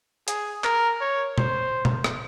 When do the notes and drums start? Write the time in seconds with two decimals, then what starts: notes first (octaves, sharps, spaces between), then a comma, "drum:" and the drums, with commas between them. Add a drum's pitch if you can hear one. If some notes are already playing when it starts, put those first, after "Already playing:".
0.28 G#4, drum: hi-hat
0.64 A#4, drum: clap
1.01 C#5
1.38 C5, drum: tom B2
1.85 drum: tom B2
2.04 drum: rim click